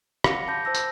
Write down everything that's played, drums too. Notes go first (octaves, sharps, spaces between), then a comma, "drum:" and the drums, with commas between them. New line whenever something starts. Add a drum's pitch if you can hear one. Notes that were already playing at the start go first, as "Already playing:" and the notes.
F5 F#5 B5 D6 A#6 C#7, drum: rim click
A5 D6 G6 A#6
C5 A5 E6 A#6
drum: tambourine